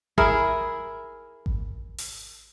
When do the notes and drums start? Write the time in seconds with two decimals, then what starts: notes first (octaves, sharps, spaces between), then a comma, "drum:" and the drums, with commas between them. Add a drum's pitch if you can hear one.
0.18 E4 G#4 A#4, drum: kick G#1
1.46 drum: kick G#1
1.98 drum: open hi-hat